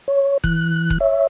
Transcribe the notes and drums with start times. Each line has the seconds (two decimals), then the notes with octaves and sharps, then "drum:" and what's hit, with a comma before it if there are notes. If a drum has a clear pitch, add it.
0.08 C#5
0.44 E3 F#6, drum: kick E1
0.90 drum: kick E1
1.00 C#5 E5